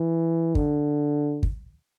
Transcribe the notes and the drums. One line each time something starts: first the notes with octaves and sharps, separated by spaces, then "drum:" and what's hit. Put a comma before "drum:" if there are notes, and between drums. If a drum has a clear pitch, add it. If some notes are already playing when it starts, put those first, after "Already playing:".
Already playing: E3
D3, drum: kick
drum: kick